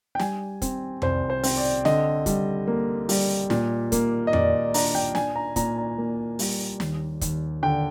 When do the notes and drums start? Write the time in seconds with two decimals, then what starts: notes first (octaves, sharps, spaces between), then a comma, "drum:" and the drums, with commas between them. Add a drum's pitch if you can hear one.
0.15 G5
0.19 G3 G#5, drum: snare
0.62 C4, drum: kick, hi-hat
1.02 C2 C5, drum: tom F2
1.30 C5
1.43 C4, drum: open hi-hat
1.57 D5
1.85 D3 D#5, drum: snare
2.26 G3, drum: kick, hi-hat
2.67 A#3
3.09 G3, drum: open hi-hat
3.50 A#2, drum: snare
3.92 A#3, drum: kick, hi-hat
4.27 D#5
4.33 A#2 D5, drum: tom F2
4.74 D4 A#5, drum: open hi-hat
4.95 G5
5.15 D4 G#5, drum: snare
5.36 A#5
5.56 A#2 A#5, drum: kick, hi-hat
5.78 A#5
5.98 A#3
6.39 G3, drum: open hi-hat
6.80 D#2, drum: snare
7.21 D#2, drum: kick, hi-hat
7.63 D3 G5